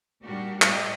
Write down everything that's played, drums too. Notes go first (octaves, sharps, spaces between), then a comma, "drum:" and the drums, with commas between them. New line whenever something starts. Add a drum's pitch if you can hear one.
A#2 G3 D4 F#4 G4 A#4
A2 G4 C5 D5 D#5, drum: clap